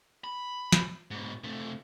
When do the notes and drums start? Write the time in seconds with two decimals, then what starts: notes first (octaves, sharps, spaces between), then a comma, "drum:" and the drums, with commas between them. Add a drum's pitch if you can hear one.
0.24 B5
0.72 drum: snare
1.11 G#2 B2
1.44 C3 A3